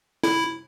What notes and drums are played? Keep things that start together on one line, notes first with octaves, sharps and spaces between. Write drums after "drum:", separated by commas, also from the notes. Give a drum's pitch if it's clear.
E4, drum: snare